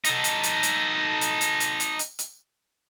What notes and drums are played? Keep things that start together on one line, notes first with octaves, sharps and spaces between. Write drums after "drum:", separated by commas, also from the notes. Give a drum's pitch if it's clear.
D#4 A4, drum: hi-hat
drum: hi-hat
drum: hi-hat
drum: hi-hat
drum: hi-hat
drum: hi-hat
drum: hi-hat
drum: hi-hat
drum: hi-hat
drum: hi-hat